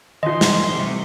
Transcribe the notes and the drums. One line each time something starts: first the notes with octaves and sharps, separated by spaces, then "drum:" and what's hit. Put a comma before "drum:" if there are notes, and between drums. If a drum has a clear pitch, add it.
E3 F3 D#4 F4 D#5 C6
drum: snare
C3 G3 A3